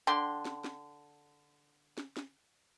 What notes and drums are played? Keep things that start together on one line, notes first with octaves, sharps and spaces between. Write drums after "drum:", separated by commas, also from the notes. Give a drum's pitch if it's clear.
D3 G5 C6
drum: snare
drum: snare
drum: snare
drum: snare